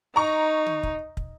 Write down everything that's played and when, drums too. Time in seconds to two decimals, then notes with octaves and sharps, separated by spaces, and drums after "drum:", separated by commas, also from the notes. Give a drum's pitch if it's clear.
0.16 D#4 A#5 C#6
0.66 drum: tom D3
0.83 drum: kick
1.17 drum: kick